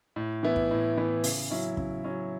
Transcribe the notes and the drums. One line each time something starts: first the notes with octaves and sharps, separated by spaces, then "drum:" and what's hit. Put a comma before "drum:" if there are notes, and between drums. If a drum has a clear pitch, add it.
A2
E3 B3 E4
drum: kick
A2
E3 B3 E4
C#3, drum: open hi-hat
F#3 C#4 E4
C#3, drum: kick
F#3 C#4 E4